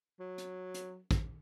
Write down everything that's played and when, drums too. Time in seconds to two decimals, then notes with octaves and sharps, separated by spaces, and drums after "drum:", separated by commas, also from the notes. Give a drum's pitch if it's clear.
0.20 F#3
0.38 drum: hi-hat
0.74 drum: hi-hat
1.11 drum: kick, hi-hat